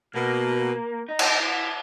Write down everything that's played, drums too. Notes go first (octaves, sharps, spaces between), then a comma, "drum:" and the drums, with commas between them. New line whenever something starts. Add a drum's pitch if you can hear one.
B2 A#3
D#4
drum: cymbal
E4